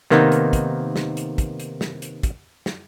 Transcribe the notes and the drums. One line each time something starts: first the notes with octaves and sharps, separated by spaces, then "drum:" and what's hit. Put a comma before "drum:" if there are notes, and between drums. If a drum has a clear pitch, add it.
C3 D#3 A#3 B3 D#4, drum: snare
drum: hi-hat
drum: kick, hi-hat
drum: snare
drum: hi-hat
drum: kick, hi-hat
drum: hi-hat
drum: snare
drum: hi-hat
drum: kick, hi-hat
drum: snare